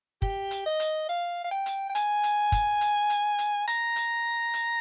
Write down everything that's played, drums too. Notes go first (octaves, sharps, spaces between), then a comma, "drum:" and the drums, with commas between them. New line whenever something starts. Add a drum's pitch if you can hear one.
G4, drum: kick
drum: hi-hat
D#5
drum: hi-hat
F5
F5
G5
drum: hi-hat
G5
G#5, drum: hi-hat
drum: hi-hat
drum: kick, hi-hat
drum: hi-hat
drum: hi-hat
drum: hi-hat
A#5, drum: hi-hat
drum: hi-hat
drum: hi-hat